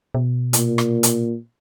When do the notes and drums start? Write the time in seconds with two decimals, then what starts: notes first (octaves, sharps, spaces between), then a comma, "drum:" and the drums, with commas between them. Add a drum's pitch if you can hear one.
0.14 B2
0.53 A#2, drum: hi-hat
0.78 drum: rim click
1.03 drum: hi-hat